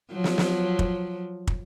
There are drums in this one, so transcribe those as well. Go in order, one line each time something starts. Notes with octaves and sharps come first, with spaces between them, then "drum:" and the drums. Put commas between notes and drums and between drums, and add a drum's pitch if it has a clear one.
F3 F#3
drum: snare
drum: snare
drum: kick
drum: kick